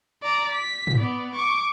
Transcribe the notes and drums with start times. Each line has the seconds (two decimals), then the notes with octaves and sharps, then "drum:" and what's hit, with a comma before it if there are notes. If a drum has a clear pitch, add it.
0.23 D5 A#5
0.53 B6
0.87 drum: tom G#2
0.98 B3 D5
1.35 C#6 D6